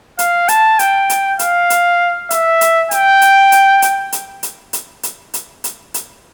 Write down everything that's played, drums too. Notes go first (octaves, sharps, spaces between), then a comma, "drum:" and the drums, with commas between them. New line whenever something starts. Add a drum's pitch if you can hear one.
F5, drum: hi-hat
A5, drum: hi-hat
G5, drum: hi-hat
drum: hi-hat
F5, drum: hi-hat
drum: hi-hat
E5, drum: hi-hat
drum: hi-hat
G5, drum: hi-hat
drum: hi-hat
drum: hi-hat
drum: hi-hat
drum: hi-hat
drum: hi-hat
drum: hi-hat
drum: hi-hat
drum: hi-hat
drum: hi-hat
drum: hi-hat